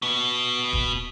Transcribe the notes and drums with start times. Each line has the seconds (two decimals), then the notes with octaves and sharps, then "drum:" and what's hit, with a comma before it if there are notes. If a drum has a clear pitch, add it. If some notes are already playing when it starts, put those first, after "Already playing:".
0.02 B2 B3
0.73 drum: kick